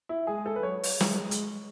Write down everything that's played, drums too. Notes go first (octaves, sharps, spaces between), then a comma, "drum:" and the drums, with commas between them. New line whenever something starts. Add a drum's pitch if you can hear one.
E4
G#3 G#4
A4
B4
F#3 C#5
drum: open hi-hat
G#3, drum: snare
drum: hi-hat